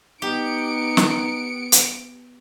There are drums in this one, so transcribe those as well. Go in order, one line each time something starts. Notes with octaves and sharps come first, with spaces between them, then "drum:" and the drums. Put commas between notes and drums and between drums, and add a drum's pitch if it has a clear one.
B3 D#4 G4 C#7 D7
drum: snare
drum: hi-hat